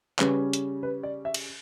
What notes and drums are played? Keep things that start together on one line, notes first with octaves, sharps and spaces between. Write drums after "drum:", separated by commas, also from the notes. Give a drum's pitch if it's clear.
C#3 G3 C#4 B4, drum: clap
drum: hi-hat
B4
D5
E5
drum: cymbal